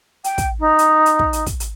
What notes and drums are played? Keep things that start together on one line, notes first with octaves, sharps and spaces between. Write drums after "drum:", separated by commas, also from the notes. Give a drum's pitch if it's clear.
G5, drum: hi-hat
drum: kick, hi-hat
D#4
drum: hi-hat
drum: hi-hat
drum: kick
drum: hi-hat
drum: kick, hi-hat
drum: hi-hat